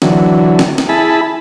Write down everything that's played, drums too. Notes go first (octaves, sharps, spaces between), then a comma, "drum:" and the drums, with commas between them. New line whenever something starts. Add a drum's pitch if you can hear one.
D3 E3 F#3, drum: snare
drum: snare
drum: snare
E4 G#4 A5 B5